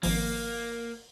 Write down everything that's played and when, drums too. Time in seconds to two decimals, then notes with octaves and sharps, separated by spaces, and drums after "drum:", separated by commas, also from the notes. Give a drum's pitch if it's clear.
0.03 G#1 F3 A#3, drum: open hi-hat